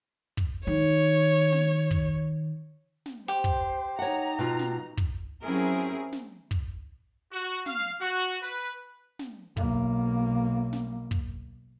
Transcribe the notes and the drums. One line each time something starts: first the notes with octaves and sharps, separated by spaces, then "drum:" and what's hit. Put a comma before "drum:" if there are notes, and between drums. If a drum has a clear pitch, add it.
drum: kick
D#3 C#5
drum: snare
drum: kick
drum: snare
G4 C5
drum: kick
D#4 C#5 F#5 A#5
B2 F4
drum: snare
drum: kick
F#3 C4 C#4 E4 G#4 A#4
drum: snare
drum: kick
F#4
F5, drum: snare
F#4
B4
drum: snare
B1 A#3, drum: kick
drum: snare
drum: kick